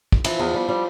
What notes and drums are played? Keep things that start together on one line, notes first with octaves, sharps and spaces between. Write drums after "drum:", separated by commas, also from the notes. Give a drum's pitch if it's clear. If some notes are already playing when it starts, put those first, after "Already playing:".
drum: kick
E3 F3, drum: cymbal
E2
G3
G3